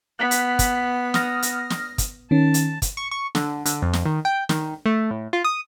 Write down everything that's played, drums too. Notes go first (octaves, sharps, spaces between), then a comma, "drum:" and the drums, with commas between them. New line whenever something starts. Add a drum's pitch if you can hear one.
B3 F#6 B6
drum: hi-hat
drum: kick, hi-hat
D#6 F6 A#6, drum: snare
drum: hi-hat
drum: snare
drum: kick, hi-hat
D#3 C#4 A5
drum: hi-hat
drum: kick, hi-hat
C#6
C#6
D3, drum: snare
D3, drum: hi-hat
F2
drum: snare
D#3
G5
D#3, drum: snare
A3
A2
F4
D#6